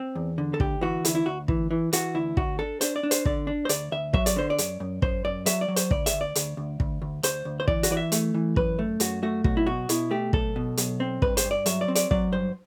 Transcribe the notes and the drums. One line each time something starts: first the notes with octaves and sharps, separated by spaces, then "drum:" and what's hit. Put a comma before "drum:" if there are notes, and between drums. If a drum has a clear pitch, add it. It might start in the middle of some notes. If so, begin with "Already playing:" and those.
Already playing: C4
E2
D3
A4
D2 G4, drum: kick
E3 F#4
D2 E4, drum: hi-hat
E4
D2 F#4
E3, drum: kick
E3
E3 F#4, drum: hi-hat
D2 E4
D2 F#4, drum: kick
D4 A4
D4 C5, drum: hi-hat
D5
D4
C5, drum: hi-hat
D3 D5, drum: kick
D4
C5
D2 D5, drum: hi-hat
D2 E5
F#3 E5, drum: kick
D5, drum: hi-hat
D3 C5
D5
F#2, drum: hi-hat
F#2
F#2 C5, drum: kick
F#2 D5
F#3 E5, drum: hi-hat
D5
F#3
C5, drum: hi-hat
D2 D5, drum: kick
E5, drum: hi-hat
D2
D5
D2, drum: hi-hat
D2
D2, drum: kick
D2
D2 C5, drum: hi-hat
D2
C5
E3 D5, drum: kick
F#4, drum: hi-hat
E3 D5
E5
A3, drum: hi-hat
E3
F#2 B4, drum: kick
A3
F#2 F#4, drum: hi-hat
A3 F#4
B1 F#4, drum: kick
E4
B2 F#4
B2 E4, drum: hi-hat
A3 G4
B1 A4, drum: kick
B2
B1, drum: hi-hat
C4
G2 B4, drum: kick
C5, drum: hi-hat
G2
D5
F#3 E5, drum: hi-hat
D5
C4
D5, drum: hi-hat
F#3 D5, drum: kick
G2 C5